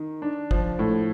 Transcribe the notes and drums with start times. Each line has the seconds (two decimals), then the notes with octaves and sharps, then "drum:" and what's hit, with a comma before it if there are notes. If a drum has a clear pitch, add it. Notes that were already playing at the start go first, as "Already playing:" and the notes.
Already playing: D#3
0.22 D4
0.51 F3, drum: kick
0.79 A2